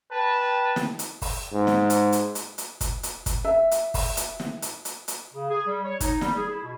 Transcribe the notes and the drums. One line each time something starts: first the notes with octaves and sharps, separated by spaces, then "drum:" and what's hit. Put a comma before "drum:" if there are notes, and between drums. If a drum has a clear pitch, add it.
B4 G5 A5
drum: snare
drum: hi-hat
drum: kick, open hi-hat
G#2
drum: snare
drum: hi-hat
drum: hi-hat
drum: hi-hat
drum: hi-hat
drum: kick, hi-hat
drum: hi-hat
drum: kick, hi-hat
E5
drum: hi-hat
drum: kick, open hi-hat
drum: hi-hat
drum: snare
drum: hi-hat
drum: hi-hat
drum: hi-hat
C#3
G#4
G3
C#5
D#4, drum: kick, hi-hat
G3, drum: snare
G#4
E4
B2